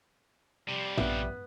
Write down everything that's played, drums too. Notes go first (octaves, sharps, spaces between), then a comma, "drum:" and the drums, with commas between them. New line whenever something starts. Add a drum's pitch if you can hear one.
C3 F3 G3
A#1 B3 E5, drum: tom